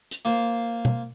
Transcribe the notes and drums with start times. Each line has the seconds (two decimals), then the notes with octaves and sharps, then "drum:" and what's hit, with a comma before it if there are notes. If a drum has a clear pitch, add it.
0.11 drum: hi-hat
0.25 A#3 F4 C5
0.85 drum: tom B2